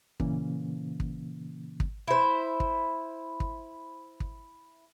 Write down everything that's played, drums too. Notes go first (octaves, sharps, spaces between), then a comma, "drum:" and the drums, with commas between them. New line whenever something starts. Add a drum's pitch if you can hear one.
A#2 C#3 E3 A#3 C#4, drum: kick
drum: kick
drum: kick
E4 C5
drum: kick
drum: kick
drum: kick